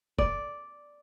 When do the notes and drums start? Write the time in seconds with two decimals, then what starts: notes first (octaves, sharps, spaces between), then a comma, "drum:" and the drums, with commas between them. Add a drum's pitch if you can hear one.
0.19 D5, drum: kick